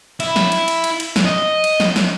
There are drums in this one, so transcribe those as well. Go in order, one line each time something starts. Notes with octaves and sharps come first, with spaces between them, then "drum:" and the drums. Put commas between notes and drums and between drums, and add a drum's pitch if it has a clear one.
E4, drum: cymbal
drum: snare
drum: cymbal
drum: cymbal
drum: cymbal
drum: cymbal
drum: snare
D#5
drum: cymbal
drum: snare
drum: snare